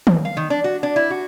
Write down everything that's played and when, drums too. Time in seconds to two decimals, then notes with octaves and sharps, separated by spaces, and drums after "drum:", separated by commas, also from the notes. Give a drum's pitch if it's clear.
0.07 drum: tom D#3
0.25 F5
0.37 D#3
0.50 D4
0.64 F#4
0.83 D4
0.96 E4
1.10 F#4